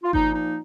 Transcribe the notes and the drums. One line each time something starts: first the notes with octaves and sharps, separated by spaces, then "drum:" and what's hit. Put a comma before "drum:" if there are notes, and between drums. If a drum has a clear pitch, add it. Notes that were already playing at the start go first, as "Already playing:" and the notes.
F4
A#2 F3 A#3 D#4, drum: kick G1
D#4